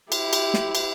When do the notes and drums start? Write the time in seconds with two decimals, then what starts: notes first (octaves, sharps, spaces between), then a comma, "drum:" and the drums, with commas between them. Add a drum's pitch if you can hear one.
0.12 E4 G4, drum: cymbal
0.33 drum: cymbal
0.54 drum: snare
0.75 drum: cymbal